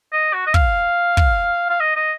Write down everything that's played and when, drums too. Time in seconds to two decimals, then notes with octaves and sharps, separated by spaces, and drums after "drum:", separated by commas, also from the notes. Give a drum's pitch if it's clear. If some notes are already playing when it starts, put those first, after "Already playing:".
0.13 D#5
0.33 F#4
0.47 D#5
0.54 F5, drum: kick
1.17 drum: kick
1.69 F5
1.80 D#5
1.96 D#5